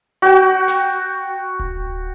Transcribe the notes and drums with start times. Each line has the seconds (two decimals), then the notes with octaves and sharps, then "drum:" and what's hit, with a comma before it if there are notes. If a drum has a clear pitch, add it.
0.22 F#4 G5
0.68 drum: snare
1.59 drum: kick D1